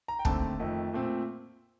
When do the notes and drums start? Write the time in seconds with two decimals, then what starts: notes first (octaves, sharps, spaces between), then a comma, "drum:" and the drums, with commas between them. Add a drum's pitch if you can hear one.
0.08 A#5
0.19 G5
0.25 D#2 D3 A3 C4 A5, drum: kick
0.59 F2 D#3 A3
0.93 A#2 A3 C4